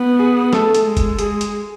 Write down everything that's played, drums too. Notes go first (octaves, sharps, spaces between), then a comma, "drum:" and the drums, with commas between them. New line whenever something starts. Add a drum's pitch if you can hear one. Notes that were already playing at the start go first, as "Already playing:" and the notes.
Already playing: B3
G#4
A3 A4, drum: snare
drum: hi-hat
G#3
drum: kick F#1, hi-hat
G#3 G#4, drum: hi-hat
drum: hi-hat